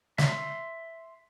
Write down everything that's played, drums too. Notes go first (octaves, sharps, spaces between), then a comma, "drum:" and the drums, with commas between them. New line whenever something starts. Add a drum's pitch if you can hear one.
E5 C6, drum: snare